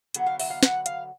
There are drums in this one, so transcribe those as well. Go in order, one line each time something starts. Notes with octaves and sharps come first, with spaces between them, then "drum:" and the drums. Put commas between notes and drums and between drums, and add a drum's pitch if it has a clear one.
D3 F#3 B3 F#5, drum: hi-hat
F5
E5, drum: open hi-hat
F5
F#5, drum: snare
F5, drum: hi-hat